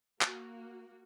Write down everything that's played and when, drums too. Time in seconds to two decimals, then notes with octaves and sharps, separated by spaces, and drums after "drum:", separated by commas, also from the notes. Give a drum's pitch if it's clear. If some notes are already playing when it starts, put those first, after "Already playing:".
0.21 A#3 F#4, drum: clap